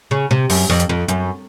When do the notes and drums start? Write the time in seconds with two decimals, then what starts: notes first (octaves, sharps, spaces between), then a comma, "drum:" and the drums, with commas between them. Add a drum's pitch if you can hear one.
0.11 C#3
0.31 C3
0.50 F#2, drum: open hi-hat
0.70 F2
0.80 drum: hi-hat
0.89 F2
1.08 F#2, drum: hi-hat